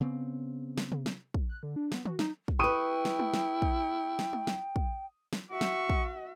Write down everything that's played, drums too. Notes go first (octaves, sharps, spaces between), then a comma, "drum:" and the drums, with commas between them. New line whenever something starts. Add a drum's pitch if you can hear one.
C#3 B3 C4
drum: snare
drum: tom C3
drum: snare
drum: kick
F#6
D3
D4
B3, drum: snare
F#4, drum: tom D#3
D#4, drum: snare
drum: kick
E4 G4 B4 G5 C#6 D#6 D#7
drum: snare
drum: tom
drum: snare
drum: kick
drum: snare
drum: tom
drum: snare
drum: kick
drum: snare
F#4 E5 C#6
drum: snare
drum: kick